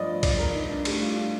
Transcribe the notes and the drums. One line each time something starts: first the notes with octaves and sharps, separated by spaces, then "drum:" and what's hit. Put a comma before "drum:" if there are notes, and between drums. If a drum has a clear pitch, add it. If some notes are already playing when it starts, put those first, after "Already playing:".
Already playing: G2 F3 D5 D#5
D5, drum: kick, cymbal
A#4
D#4
D4
A2 G3 D4, drum: cymbal
F4
D4